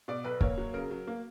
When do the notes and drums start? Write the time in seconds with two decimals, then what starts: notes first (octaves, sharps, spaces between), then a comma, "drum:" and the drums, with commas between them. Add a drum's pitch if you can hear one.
0.08 B2 D5
0.24 B1 B4
0.41 A#3 C#5, drum: kick
0.58 F#3
0.73 C#3 A#4
0.91 F#3
1.07 A#3